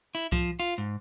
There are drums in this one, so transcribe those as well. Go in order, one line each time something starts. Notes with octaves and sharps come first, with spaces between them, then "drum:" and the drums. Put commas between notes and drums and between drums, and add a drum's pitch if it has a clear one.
E4
F3, drum: kick C2
F4
G#2